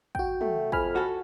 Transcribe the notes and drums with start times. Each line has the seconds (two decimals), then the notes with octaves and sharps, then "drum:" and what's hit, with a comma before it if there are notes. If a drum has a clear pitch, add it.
0.15 F#4 G5, drum: kick
0.41 A3, drum: tom
0.72 F2 G#5 B5 F6, drum: kick
0.96 F#4 A4